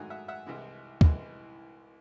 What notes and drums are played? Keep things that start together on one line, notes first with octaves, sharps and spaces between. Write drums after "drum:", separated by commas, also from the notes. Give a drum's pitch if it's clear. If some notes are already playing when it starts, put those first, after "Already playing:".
Already playing: G#2 D#3 F#3 A3 F#5 G#5
E5 F#5
E5 F#5
C2 C3 E3 G#3
C2 C3 E3 G#3, drum: kick